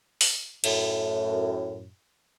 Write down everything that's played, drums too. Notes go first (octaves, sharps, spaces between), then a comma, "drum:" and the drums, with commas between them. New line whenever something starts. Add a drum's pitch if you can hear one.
drum: open hi-hat
F#2 A2, drum: cymbal